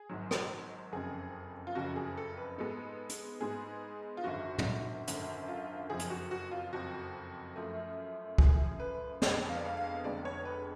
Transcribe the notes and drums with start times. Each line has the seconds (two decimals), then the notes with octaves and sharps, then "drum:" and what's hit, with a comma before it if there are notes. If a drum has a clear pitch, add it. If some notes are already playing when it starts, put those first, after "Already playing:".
Already playing: G#4
0.09 G#1 G#2 F#3
0.31 drum: rim click
0.92 F#1 F2 C#3 G#4
1.67 F4
1.75 F#1 F2 C#3 F#4
1.96 G#4
2.17 A4
2.37 B4
2.58 G#2 G#3 B3 A4
3.09 drum: hi-hat
3.41 G#2 G#3 B3 G#4
4.17 F4
4.24 G#1 F#2 D3 F#4
4.58 drum: tom
5.07 G#1 F#2 D3, drum: hi-hat
5.48 F4
5.90 F#1 F2 F3 G#4
5.99 drum: hi-hat
6.10 F#4
6.31 F#4
6.51 F4
6.73 F#1 F2 F3 F#4
7.56 F#2 F3 A3
8.38 F#2 F3 A3 G#4, drum: kick
8.80 B4
9.22 F1 F2 D3 G#3 B3 D5, drum: snare
9.49 F5
9.57 D5
9.65 F5
9.77 F5
10.04 F1 F2 D3 G#3 B3 D5
10.25 C#5
10.45 B4